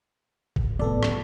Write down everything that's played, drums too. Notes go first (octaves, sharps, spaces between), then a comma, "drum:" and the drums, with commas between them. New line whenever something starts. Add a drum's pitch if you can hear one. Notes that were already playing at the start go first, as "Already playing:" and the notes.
drum: kick G1
A2 B3 A4 D5
drum: rim click